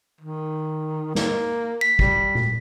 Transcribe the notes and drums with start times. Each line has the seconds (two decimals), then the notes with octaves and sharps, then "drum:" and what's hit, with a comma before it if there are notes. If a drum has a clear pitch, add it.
0.21 D#3
1.15 A#3, drum: snare
1.81 B6
1.99 G3, drum: kick
2.35 drum: tom A#2